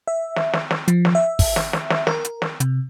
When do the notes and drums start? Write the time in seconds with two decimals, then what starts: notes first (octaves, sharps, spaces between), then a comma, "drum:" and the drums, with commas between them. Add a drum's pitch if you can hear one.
0.07 E5
0.36 drum: snare
0.53 drum: snare
0.71 drum: snare
0.88 F3, drum: hi-hat
1.05 drum: snare
1.15 E5
1.39 drum: kick, open hi-hat
1.56 drum: snare
1.73 drum: snare
1.90 drum: snare
2.07 A#4, drum: snare
2.25 drum: hi-hat
2.42 drum: snare
2.60 C3, drum: hi-hat